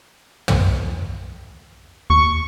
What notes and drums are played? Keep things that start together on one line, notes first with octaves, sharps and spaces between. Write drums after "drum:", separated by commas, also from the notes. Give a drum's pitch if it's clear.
drum: tom
D#2 C#6